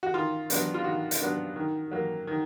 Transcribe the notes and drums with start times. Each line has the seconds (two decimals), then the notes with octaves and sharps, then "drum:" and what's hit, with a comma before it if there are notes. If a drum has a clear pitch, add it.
0.03 F#4
0.14 D#3 F4
0.50 F#3 B3 D4, drum: hi-hat
0.74 F4
0.84 D#3 F#4
1.11 drum: hi-hat
1.20 F#3 B3 D4
1.56 D#3
1.91 F#3 A#3
2.27 D#3